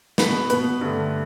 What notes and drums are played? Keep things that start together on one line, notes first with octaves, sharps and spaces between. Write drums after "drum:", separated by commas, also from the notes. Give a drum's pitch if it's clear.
B2 B3 B4, drum: snare
B2 B3 B4, drum: hi-hat
G2 D3 A3